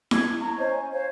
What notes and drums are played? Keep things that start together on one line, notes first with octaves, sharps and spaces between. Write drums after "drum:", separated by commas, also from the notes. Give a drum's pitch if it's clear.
G#6, drum: snare E4
A5 A#5 C#6
C#4 C5 C#5 D#5
G#5
C5 C#5 F5